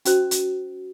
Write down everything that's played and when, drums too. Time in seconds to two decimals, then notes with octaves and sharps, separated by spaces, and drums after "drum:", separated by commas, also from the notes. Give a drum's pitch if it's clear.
0.05 C#4 F#4 C5, drum: hi-hat
0.31 drum: hi-hat